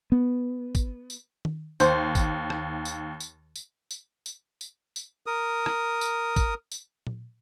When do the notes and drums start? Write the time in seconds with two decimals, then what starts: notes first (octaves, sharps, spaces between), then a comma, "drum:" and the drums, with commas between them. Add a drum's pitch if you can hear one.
0.12 B3
0.75 drum: kick, tambourine
1.10 drum: tambourine
1.45 drum: tom D#3
1.80 D#2 C5, drum: tambourine
2.15 drum: kick, tambourine
2.50 drum: rim click
2.85 drum: tambourine
3.20 drum: tambourine
3.56 drum: tambourine
3.91 drum: tambourine
4.26 drum: tambourine
4.61 drum: tambourine
4.96 drum: tambourine
5.26 A#4 D#6
5.66 drum: rim click
6.01 drum: tambourine
6.36 drum: kick, tambourine
6.71 drum: tambourine
7.07 drum: tom A#2